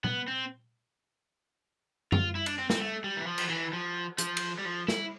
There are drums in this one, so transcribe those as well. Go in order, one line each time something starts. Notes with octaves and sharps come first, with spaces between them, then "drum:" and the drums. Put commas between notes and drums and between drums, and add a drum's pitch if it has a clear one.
B3, drum: tom A#2
C4
F4, drum: tom F#2
E4
D4, drum: cymbal
C4
C4, drum: snare
A3
G3
E3
F3
drum: cymbal
E3
F3
F3, drum: hi-hat
drum: cymbal
G3
F3
E4, drum: snare